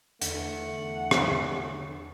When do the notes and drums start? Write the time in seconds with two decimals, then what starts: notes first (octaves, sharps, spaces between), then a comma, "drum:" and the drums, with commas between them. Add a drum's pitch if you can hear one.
0.22 E2 D3 A3 F#5, drum: hi-hat
1.11 drum: rim click